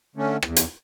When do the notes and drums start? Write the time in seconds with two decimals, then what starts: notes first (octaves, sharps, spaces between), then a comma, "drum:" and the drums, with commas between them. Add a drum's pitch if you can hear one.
0.16 D3 A3 C#4
0.42 E2, drum: rim click
0.56 drum: hi-hat